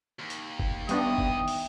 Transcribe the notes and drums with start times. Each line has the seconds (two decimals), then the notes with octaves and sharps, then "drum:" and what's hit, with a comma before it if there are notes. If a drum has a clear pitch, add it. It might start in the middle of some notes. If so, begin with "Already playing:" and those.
0.19 D#2
0.30 drum: hi-hat
0.60 drum: kick F#1
0.89 G3 B3 D4 D#4 E5 G5 D#6, drum: hi-hat
1.18 drum: kick F#1
1.48 drum: open hi-hat